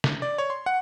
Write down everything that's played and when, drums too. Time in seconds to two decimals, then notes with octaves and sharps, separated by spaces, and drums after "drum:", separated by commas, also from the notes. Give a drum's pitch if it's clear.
0.04 drum: snare
0.22 D5
0.38 C#5
0.50 C6
0.66 F#5